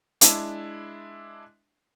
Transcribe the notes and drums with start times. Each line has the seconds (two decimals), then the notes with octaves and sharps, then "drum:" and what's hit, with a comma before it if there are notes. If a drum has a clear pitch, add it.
0.21 G#3 D4 E4, drum: hi-hat